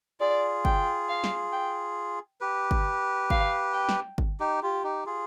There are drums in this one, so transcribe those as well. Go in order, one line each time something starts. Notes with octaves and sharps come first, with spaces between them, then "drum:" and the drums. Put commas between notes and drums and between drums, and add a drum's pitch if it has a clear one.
F4 G#4 D5
G5, drum: kick G1
F5
drum: snare
G5
G4 B4
drum: kick G1
F5, drum: kick G1
G5
drum: snare
drum: kick G1
D#4 G4
F4 G4
D#4 G4
F4 G#4